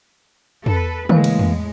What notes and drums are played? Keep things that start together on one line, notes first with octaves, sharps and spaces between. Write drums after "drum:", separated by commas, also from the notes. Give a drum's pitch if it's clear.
A4 B4, drum: tom
A2 E3 G#3 A#3 F5, drum: tom
drum: cymbal
drum: tom